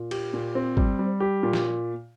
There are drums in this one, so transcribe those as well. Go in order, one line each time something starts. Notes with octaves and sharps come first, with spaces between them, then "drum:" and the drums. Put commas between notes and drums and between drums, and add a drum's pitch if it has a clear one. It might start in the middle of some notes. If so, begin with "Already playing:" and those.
Already playing: A#2
G4, drum: cymbal
A#2
C4
G3, drum: kick
G3
G4
A#2
drum: snare